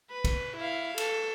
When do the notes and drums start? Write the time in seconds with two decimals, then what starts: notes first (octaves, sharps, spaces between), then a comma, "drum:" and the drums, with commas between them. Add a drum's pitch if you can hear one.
0.11 B4
0.24 drum: kick, cymbal
0.57 E4 F5
0.98 A4, drum: cymbal